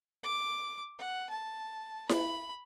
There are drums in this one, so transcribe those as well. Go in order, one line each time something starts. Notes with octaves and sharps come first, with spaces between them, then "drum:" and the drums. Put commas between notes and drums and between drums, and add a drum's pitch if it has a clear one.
D6
F#5
A5
B5, drum: snare E4